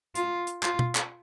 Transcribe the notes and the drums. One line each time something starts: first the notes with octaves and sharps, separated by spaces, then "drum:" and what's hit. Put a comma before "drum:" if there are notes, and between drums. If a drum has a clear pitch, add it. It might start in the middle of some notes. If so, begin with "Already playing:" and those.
F4, drum: hi-hat
drum: hi-hat
F4, drum: clap
drum: tom B2
drum: clap